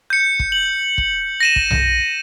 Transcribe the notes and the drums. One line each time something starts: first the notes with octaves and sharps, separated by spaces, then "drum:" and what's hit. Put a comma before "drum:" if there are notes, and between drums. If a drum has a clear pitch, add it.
G6 C#7
drum: kick
F#7
drum: kick
A#6 D#7 E7
drum: kick
drum: tom B1